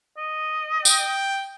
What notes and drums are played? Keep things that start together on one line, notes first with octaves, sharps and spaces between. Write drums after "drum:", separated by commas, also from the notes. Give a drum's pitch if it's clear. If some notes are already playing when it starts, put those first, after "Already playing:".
D#5
G5, drum: tambourine